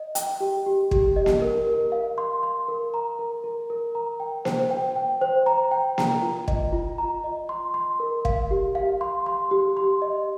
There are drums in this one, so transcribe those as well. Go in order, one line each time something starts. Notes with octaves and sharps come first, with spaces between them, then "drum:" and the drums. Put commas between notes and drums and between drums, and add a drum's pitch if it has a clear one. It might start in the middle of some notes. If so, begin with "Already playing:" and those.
Already playing: D#5
G5, drum: hi-hat
G4
G4
G4, drum: kick
D#5
drum: snare A#3
A#4
A#4
F5
C6
C6
A#4
A#5
A#4
A#4
A#4
A#5
G5
C5, drum: snare A#3
G5
G5
C5
A#5
G5
A#5, drum: snare A#3
F4
D#5, drum: kick
F4
A#5
D#5
C6
C6
A#4
F5, drum: kick
G4
F5
C6
C6
G4
C6
D#5